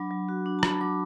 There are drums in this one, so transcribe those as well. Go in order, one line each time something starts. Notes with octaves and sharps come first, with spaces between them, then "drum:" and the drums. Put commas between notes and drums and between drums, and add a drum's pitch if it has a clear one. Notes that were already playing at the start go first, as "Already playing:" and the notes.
Already playing: F#3 D4 B5
F#3
F#4
D4
A5
F#3 B5, drum: rim click
F#3 D6